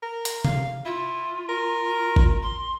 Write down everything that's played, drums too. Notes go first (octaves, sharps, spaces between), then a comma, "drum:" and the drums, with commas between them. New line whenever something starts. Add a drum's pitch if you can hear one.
A#4
drum: hi-hat
F5, drum: tom C3
E4 F4
A#4
drum: kick G#1
C6